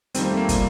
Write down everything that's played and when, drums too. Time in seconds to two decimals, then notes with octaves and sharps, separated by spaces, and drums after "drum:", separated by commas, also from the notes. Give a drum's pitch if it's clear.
0.14 F2 D#3 G3 C4, drum: hi-hat
0.22 A#3
0.30 A3
0.37 A#3
0.49 A#2 G3, drum: kick, hi-hat